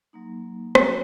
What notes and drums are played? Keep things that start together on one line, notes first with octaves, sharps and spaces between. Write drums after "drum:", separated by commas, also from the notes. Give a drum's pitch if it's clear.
F#3 A#3 D#4
F#3 A#3 C#4 F#4, drum: rim click